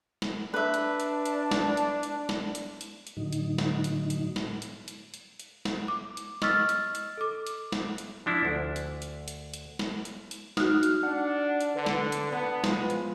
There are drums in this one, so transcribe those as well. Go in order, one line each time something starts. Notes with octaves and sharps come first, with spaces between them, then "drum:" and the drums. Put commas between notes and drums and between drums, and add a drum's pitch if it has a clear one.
drum: snare
D4 B4 E5
drum: hi-hat
drum: hi-hat
drum: hi-hat
drum: snare
drum: hi-hat
drum: hi-hat
drum: snare
drum: hi-hat
drum: hi-hat
drum: hi-hat
A2 D3 F#3 D#4
drum: hi-hat
drum: snare
drum: hi-hat
drum: hi-hat
drum: snare
drum: hi-hat
drum: hi-hat
drum: hi-hat
drum: hi-hat
drum: snare
D6
drum: hi-hat
D#5 C#6 E6 F6 A6 B6, drum: snare
drum: hi-hat
drum: hi-hat
A4 D6
drum: hi-hat
drum: snare
drum: hi-hat
F3 D4 E4
D2
drum: hi-hat
drum: hi-hat
drum: hi-hat
drum: hi-hat
drum: snare
drum: hi-hat
drum: hi-hat
D#4 F#4 F6, drum: snare
drum: hi-hat
D4 F#5
drum: hi-hat
D3 B4
drum: snare
drum: hi-hat
B3 A5
F3 G#3, drum: snare
drum: hi-hat